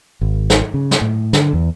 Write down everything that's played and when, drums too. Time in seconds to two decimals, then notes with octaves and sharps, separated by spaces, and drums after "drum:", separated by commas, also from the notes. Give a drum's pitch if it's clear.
0.21 G#1
0.50 drum: snare
0.74 C#3
0.91 drum: snare
1.01 A2
1.33 D3, drum: snare
1.53 E2